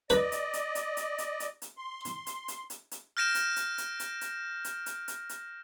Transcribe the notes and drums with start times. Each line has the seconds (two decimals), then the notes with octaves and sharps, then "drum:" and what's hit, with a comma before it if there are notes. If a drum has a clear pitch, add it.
0.10 B4 D5 D#5, drum: hi-hat
0.32 drum: hi-hat
0.53 drum: hi-hat
0.75 drum: hi-hat
0.97 drum: hi-hat
1.18 drum: hi-hat
1.40 drum: hi-hat
1.62 drum: hi-hat
1.77 C6
2.05 drum: hi-hat
2.27 drum: hi-hat
2.48 drum: hi-hat
2.70 drum: hi-hat
2.91 drum: hi-hat
3.17 F6 G6 A#6 D7 E7
3.35 drum: hi-hat
3.56 drum: hi-hat
3.78 drum: hi-hat
4.00 drum: hi-hat
4.21 drum: hi-hat
4.64 drum: hi-hat
4.86 drum: hi-hat
5.08 drum: hi-hat
5.29 drum: hi-hat